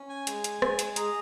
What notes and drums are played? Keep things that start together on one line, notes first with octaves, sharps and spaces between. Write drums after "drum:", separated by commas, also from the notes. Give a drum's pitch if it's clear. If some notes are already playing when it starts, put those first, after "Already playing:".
Already playing: C#4
G#5
G#3, drum: hi-hat
drum: hi-hat
G#3, drum: rim click
drum: hi-hat
G#4 A#5, drum: hi-hat